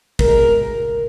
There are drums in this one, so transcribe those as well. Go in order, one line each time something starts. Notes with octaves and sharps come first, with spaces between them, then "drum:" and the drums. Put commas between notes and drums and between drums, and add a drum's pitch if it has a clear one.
B2 G#3 A#4, drum: kick